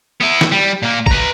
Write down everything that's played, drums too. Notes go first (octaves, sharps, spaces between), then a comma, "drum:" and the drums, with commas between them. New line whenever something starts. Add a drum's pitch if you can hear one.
B3 E4
drum: snare
G3
A#2 A#3
B4 A#5, drum: kick